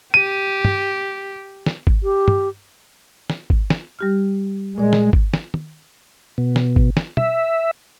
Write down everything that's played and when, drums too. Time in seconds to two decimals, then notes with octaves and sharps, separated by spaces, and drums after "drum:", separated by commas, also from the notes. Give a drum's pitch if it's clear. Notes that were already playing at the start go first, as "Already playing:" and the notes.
0.14 G4 D#7
0.64 drum: tom
1.66 drum: snare
1.87 drum: kick
2.03 G4
2.28 drum: tom
3.30 drum: snare
3.50 drum: kick
3.70 drum: snare
3.99 G3 G4 F6
4.78 A#2 G#3 D5
4.93 drum: snare
5.13 drum: kick
5.33 drum: snare
5.54 drum: tom
6.38 B2
6.56 drum: snare
6.76 drum: kick
6.97 drum: snare
7.17 E5, drum: tom